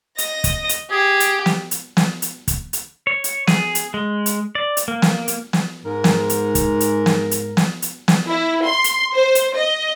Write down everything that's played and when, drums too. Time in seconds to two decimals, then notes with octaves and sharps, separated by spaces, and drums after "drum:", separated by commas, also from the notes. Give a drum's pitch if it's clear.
0.18 D#5 A#6, drum: hi-hat
0.44 drum: kick, hi-hat
0.69 drum: hi-hat
0.91 G4 G#4
1.20 drum: hi-hat
1.46 drum: snare
1.71 drum: hi-hat
1.97 drum: snare
2.22 drum: hi-hat
2.48 drum: kick, hi-hat
2.73 drum: hi-hat
3.07 C#5
3.24 drum: hi-hat
3.47 G#4, drum: snare
3.75 drum: hi-hat
3.94 G#3
4.26 drum: hi-hat
4.55 D5
4.77 drum: hi-hat
4.88 A#3
5.02 drum: snare
5.28 drum: hi-hat
5.53 drum: snare
5.85 G#2 A#4
6.04 drum: snare
6.30 drum: hi-hat
6.55 drum: kick, hi-hat
6.80 drum: hi-hat
7.06 drum: snare
7.31 drum: hi-hat
7.57 drum: snare
7.82 drum: hi-hat
8.08 drum: snare
8.27 E4
8.65 C6
8.84 drum: hi-hat
9.13 C5
9.35 drum: hi-hat
9.56 D#5